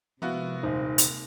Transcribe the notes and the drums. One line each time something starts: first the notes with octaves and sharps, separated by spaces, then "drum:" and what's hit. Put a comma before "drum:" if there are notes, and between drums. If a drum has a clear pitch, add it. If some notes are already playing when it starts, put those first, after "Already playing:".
C3 F3 G#3 A#3 B3 E4 F#4 F5
D#1 D#4 C5
drum: hi-hat